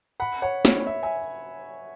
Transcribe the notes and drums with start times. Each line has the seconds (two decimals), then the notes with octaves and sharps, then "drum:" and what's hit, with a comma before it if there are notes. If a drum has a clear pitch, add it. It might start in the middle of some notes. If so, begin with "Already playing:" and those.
0.20 F#5 B5
0.42 C#5 F#5
0.65 C#5, drum: snare
0.87 E5
1.03 E5 G#5